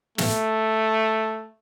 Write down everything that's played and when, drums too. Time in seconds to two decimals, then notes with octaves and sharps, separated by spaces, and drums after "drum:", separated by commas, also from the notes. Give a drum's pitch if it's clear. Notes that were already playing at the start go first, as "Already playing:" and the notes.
0.18 A3, drum: snare